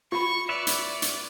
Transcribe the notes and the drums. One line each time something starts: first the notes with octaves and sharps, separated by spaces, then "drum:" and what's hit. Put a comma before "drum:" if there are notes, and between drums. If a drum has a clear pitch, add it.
F4 B5 C#6
B4 C#5 D5 E5
drum: hi-hat
drum: hi-hat